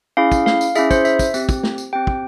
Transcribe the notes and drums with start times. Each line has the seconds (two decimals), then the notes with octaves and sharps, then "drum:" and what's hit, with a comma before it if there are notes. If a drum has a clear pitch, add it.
0.17 C#4 E4 G#4 F5
0.32 drum: kick, tambourine
0.46 F5, drum: snare
0.61 drum: tambourine
0.75 C#4 E4 G#4 E5, drum: tambourine
0.91 C5, drum: kick, tambourine
1.05 E5, drum: tambourine
1.19 drum: kick, tambourine
1.34 C4 G4, drum: tambourine
1.49 drum: kick, tambourine
1.63 drum: snare
1.78 drum: tambourine
1.93 C4 G4 G5
2.07 drum: kick